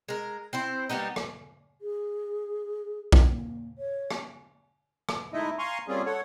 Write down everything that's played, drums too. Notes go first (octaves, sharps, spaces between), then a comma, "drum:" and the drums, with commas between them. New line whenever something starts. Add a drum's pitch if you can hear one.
G#3 A#4
C4 E4 C5
G3 A#3 B3 D#4
drum: rim click
G#4
drum: kick B1
A#3
C#5
drum: rim click
drum: rim click
G#3 A3 D#4 E4 D#5 E5
F5 G#5 A#5 C6 C#6
G3 A#3 C4 C#4 F4 G#4
A4 C#5 F#5